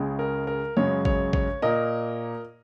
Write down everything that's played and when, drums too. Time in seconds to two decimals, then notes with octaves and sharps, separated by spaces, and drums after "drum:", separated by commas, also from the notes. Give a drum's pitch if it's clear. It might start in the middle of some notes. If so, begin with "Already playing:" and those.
Already playing: C#2 C#3 G#3
0.19 A#4
0.47 A#4
0.77 F#2 C#3 G#3 C#5
1.05 C#5, drum: kick G#1
1.33 C#5, drum: kick G#1
1.62 A#2 A#3 A#4 D#5